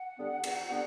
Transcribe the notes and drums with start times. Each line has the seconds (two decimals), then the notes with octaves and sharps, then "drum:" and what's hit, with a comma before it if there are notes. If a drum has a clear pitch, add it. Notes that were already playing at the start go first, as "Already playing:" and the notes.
Already playing: F#5
0.17 D3 G3 B3 D4
0.44 E2, drum: cymbal
0.70 D3 G3 B3 D4